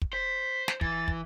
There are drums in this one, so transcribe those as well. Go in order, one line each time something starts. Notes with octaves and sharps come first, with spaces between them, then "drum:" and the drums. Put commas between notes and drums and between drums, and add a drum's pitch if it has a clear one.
drum: kick
C5 B6
drum: snare
E3 A6, drum: kick
drum: kick